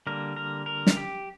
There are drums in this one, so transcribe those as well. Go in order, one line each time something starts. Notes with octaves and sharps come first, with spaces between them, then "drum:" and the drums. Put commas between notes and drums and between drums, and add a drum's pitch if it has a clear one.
D3 G3 A#3 A#4
A#4
A#4
drum: snare
G4